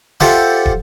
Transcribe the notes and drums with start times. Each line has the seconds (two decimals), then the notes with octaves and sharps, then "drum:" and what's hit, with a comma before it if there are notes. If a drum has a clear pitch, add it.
0.20 F4 G4 A4 C5 E5 F#5, drum: snare
0.66 drum: kick